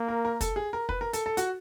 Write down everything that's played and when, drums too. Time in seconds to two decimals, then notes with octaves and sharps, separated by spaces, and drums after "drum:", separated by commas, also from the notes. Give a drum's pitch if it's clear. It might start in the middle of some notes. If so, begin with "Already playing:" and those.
Already playing: A#3
0.08 A#4
0.25 A#4
0.41 A4, drum: kick, hi-hat
0.56 G#4
0.73 A#4
0.89 B4, drum: kick
1.01 A#4
1.13 A4, drum: hi-hat
1.26 A4
1.37 F#4, drum: hi-hat